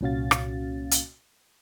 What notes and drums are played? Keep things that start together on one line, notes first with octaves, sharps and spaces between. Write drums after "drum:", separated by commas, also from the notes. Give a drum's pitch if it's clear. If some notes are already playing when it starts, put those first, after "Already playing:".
C2 A#2 C#4 F#4 F5 A6
drum: rim click
drum: hi-hat